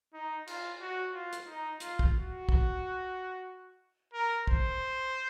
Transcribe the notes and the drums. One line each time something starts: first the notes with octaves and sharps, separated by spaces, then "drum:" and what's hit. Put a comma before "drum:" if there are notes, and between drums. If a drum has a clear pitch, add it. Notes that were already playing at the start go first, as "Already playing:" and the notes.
D#4
F4, drum: cymbal
F#4
F4
drum: hi-hat
D#4
F4, drum: hi-hat
drum: kick
F#4
drum: kick
A#4
C5, drum: kick